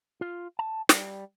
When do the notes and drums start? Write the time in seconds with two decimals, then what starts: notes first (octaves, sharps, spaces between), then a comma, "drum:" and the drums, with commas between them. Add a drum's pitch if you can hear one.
0.21 F4
0.59 A5
0.89 G3, drum: snare